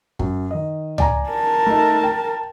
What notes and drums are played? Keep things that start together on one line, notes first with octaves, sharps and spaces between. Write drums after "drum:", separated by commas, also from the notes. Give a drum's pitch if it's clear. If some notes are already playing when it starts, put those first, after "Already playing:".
F#2, drum: kick
D#3 D#5
D5 G#5 A#5, drum: tom C#2
A#4 A5
A3 D#4
G5